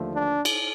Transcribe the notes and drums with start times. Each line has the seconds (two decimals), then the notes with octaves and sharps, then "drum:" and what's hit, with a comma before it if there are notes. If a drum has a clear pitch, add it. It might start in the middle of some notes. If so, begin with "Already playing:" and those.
Already playing: D#2 D3 F3 A3
0.14 D4
0.45 drum: cymbal